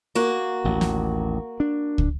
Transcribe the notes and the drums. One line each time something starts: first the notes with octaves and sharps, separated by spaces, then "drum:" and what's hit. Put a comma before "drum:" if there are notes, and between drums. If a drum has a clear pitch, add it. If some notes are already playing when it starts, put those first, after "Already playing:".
A#3 F#4
A1 D#2
drum: snare
D4
drum: kick